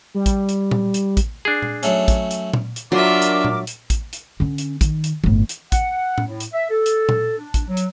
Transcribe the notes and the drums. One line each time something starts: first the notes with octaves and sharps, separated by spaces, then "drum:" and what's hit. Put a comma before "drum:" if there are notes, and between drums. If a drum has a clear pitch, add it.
G3
drum: kick, hi-hat
drum: hi-hat
drum: tom A#2
drum: hi-hat
drum: kick, hi-hat
D4 G#4
drum: tom A#2
F#3 A3 C#4, drum: hi-hat
drum: kick, hi-hat
drum: hi-hat
drum: tom A#2
drum: hi-hat
F#3 D4 F4 A#4 E5 D6
drum: hi-hat
drum: tom A#2
drum: hi-hat
drum: kick, hi-hat
drum: hi-hat
D3 C#4
drum: hi-hat
D#3, drum: kick, hi-hat
drum: hi-hat
G1 A2, drum: tom E3
drum: hi-hat
F#5, drum: kick, hi-hat
drum: tom A2
A2
drum: hi-hat
E5
A4
drum: hi-hat
drum: tom A#2
D4
drum: kick, hi-hat
F#3
drum: hi-hat